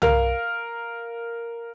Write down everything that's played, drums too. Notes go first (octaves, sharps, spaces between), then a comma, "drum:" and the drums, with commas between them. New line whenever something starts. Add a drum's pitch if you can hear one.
A#4 F5 F6, drum: tom